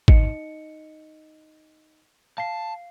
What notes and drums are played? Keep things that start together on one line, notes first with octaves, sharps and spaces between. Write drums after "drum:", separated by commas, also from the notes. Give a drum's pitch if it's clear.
D#4 D#5 C#7, drum: kick G#1
F5 A5 C7